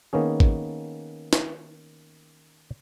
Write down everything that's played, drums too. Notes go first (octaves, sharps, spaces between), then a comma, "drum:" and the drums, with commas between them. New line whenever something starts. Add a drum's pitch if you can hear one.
D#3 A#3 B3 C#4 G#4
drum: kick G#1
drum: snare